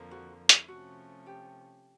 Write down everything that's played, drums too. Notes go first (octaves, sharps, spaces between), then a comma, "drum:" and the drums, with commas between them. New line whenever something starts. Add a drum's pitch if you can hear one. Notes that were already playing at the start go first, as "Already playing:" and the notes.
Already playing: F2 D3 F3 A#3
F#4
E4, drum: hi-hat
C3 F3 A3 C#4 F#4
G4